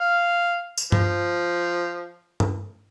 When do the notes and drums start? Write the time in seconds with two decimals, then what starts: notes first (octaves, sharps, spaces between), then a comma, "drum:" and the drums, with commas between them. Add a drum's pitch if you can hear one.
0.01 F5
0.78 drum: tambourine
0.92 F3, drum: tom G2
2.40 drum: tom G2